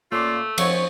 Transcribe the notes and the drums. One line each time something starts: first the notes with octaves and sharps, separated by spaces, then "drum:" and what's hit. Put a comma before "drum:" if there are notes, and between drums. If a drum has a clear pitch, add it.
A#2 A3 C#4 F4 D5 F5
F2 C5 C#5, drum: cymbal